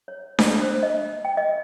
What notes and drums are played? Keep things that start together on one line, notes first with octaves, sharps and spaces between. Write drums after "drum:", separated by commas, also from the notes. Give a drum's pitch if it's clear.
C#5
B4, drum: snare D4
C5
D#5
G5
D#5